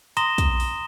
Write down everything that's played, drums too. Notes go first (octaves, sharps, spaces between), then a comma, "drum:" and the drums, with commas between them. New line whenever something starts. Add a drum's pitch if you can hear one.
A#5 C6 D#6 A#6 E7 G7, drum: hi-hat
drum: kick, hi-hat
drum: open hi-hat